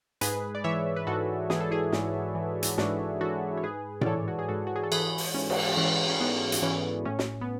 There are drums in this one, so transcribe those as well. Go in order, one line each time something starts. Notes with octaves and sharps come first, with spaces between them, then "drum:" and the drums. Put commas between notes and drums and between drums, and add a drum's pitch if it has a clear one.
G#2 G#4 B4, drum: hi-hat
D5
E3 C#5 E5
B4
G#2 F#4 A4
E3 G#4, drum: snare
A4
E4 G#4
G#2, drum: snare
E3
drum: hi-hat
G#2 D4 F#4, drum: snare
E3 F#4 A4
C#5
G#2 G#4 B4
D5, drum: tom A2
E3 A4 C#5
F#4
G#4
G#2 F#4 A4
F#4
G#4
A4
E3 G#4 B4, drum: cymbal
drum: open hi-hat
G#2 C#4
drum: cymbal
E3 C#4
C#4
G#2 B3
drum: hi-hat
E3 C#4
A2 C#4
drum: snare
B3